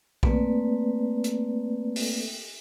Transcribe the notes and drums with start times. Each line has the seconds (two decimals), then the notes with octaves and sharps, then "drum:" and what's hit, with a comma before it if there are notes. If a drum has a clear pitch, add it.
0.23 A3 A#3 C4 B4 D5, drum: kick A#1
1.24 drum: hi-hat
1.96 drum: open hi-hat